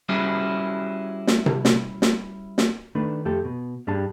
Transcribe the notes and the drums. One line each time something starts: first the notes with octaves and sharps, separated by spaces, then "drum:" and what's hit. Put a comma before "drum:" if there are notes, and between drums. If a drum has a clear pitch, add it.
G3 C#4 E4 F#4 G#4
drum: snare
drum: tom C3
drum: snare
drum: snare
drum: snare
D#3 A3 D4 B4
F2 A3 G4 A4
B2
G2 G3 D4 G#4 A5